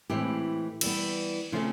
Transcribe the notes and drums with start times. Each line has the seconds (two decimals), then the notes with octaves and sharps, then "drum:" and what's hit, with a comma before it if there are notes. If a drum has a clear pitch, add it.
0.10 A2 E3 G#3 C4 G4
0.81 E3 G3 B3, drum: cymbal
1.52 C#3 F3 A3 C4 F4